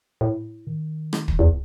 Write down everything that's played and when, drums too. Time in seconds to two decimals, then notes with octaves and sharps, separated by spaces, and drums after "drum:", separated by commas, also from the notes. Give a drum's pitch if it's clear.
0.21 A2
0.67 D#3
1.13 drum: rim click
1.28 drum: kick
1.39 E2